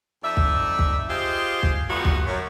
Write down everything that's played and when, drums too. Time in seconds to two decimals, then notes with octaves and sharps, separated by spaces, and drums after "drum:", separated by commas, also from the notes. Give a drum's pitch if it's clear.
0.23 F2 D#4 D5 E5
0.37 drum: kick
0.79 drum: kick
1.09 F4 G4 G#4 C5 D#5 F5
1.63 drum: kick
1.89 A#2 G3 A3 B3 F4 F#4
2.05 drum: kick
2.26 F#2